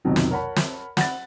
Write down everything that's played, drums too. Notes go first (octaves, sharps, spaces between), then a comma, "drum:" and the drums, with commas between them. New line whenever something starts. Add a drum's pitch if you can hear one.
B1 F2 C3 D#3 F#3
drum: snare
A#4 C#5 F#5 A5 B5
drum: snare
F#5 B5 A6, drum: snare